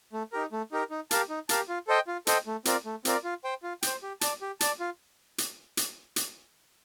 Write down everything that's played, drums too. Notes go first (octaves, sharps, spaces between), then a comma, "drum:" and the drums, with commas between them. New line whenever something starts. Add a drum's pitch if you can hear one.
A3
D#4 G4 A#4
A3
D#4 G4 A#4
D#4
G4 A#4 F5 A5, drum: hi-hat
D#4
G4 A#4 F5 A5, drum: hi-hat
F4
A4 C5 D#5 G5
F4
A4 C5 D#5 G5, drum: hi-hat
A3
C4 F4 A#4 D5, drum: hi-hat
A3
C4 F4 A#4 D5, drum: hi-hat
F4
C5 G5
F4
C5 G5, drum: hi-hat
G4
D5 A5, drum: hi-hat
G4
D5 A5, drum: hi-hat
F4
drum: hi-hat
drum: hi-hat
drum: hi-hat